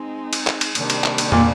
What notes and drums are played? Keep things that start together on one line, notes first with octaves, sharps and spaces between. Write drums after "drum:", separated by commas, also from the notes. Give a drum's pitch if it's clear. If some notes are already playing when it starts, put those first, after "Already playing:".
Already playing: G#3 C4 D#4
drum: cymbal
drum: clap
drum: cymbal
C3 D#3 G3 A#3 D4, drum: cymbal
drum: cymbal
drum: clap
drum: cymbal
A#2, drum: tom